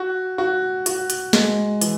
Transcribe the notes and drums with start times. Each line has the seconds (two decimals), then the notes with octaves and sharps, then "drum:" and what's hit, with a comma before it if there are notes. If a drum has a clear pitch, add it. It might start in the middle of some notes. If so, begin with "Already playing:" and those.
Already playing: F#4
0.38 F#4
0.86 F#4, drum: hi-hat
1.10 drum: hi-hat
1.33 G#3, drum: snare
1.81 E3, drum: hi-hat